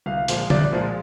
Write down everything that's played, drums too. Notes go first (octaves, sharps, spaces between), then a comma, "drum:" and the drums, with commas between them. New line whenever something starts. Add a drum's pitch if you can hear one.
C2 F5
A#2 F3 G#3 F5, drum: hi-hat
C2 D5, drum: tom
A#2 F3 G#3